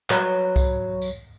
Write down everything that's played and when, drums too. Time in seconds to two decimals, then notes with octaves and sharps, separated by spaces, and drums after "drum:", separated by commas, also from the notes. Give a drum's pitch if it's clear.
0.10 F#3 B4, drum: clap
0.56 drum: kick C2, tambourine
1.02 drum: tambourine